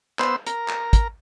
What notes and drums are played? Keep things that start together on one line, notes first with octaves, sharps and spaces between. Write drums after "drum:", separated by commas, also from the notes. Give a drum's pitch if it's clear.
B3 C5 E6, drum: clap
A#4, drum: hi-hat
drum: clap
drum: kick, hi-hat